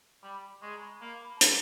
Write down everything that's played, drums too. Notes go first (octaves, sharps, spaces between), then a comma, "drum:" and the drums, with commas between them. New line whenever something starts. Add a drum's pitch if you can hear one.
G3 B5
G#3 C#6
A#5
B5
A#3 B5
B5
A5
A#5, drum: hi-hat